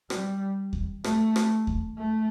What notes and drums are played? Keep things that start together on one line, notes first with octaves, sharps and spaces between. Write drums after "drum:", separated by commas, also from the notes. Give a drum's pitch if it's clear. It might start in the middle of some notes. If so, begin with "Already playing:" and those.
G3, drum: rim click
drum: kick D#2
A3, drum: rim click
drum: rim click
drum: kick D#2
A3